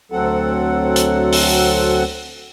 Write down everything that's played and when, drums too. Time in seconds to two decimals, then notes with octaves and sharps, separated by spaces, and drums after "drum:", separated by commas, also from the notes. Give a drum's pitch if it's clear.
0.12 D2 F#3 C4 A4 F#5
0.96 drum: hi-hat
1.33 drum: open hi-hat